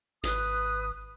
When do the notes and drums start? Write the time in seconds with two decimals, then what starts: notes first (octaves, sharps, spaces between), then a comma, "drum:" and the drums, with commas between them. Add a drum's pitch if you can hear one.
0.24 G#1 B4 D#6 F#6, drum: hi-hat